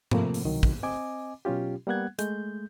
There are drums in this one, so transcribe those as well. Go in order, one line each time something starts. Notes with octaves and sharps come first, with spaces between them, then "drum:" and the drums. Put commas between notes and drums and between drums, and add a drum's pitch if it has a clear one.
C3 F3 A3 A#3 C4, drum: tom G#2
drum: open hi-hat
C2 B2 D#3 F#3
drum: kick
C4 D#5 G#5 D6
B2 F#3 C#4 F4 G4
G3 A#3 B3 F#5 F#6 G#6
G#3 A3 G6, drum: hi-hat